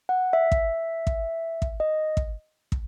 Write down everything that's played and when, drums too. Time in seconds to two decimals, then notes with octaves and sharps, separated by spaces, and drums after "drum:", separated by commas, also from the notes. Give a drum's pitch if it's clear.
0.09 F#5
0.33 E5
0.52 drum: kick
1.07 drum: kick
1.62 drum: kick
1.80 D#5
2.17 drum: kick
2.72 drum: kick